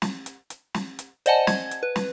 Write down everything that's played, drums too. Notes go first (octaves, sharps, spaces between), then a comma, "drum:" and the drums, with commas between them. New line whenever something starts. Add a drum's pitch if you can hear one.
drum: snare
drum: hi-hat
drum: hi-hat
drum: snare
drum: hi-hat
C5 D5 D#5 F#5 G#5 A5, drum: hi-hat
G#6, drum: snare
drum: hi-hat
B4
drum: snare